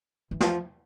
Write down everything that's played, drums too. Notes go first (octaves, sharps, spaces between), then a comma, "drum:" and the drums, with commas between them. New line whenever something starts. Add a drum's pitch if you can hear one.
E3
F3, drum: snare